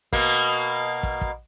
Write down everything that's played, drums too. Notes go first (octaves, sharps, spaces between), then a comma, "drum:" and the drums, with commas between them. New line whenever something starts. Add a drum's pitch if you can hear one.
B2 A#3, drum: kick
drum: kick
drum: kick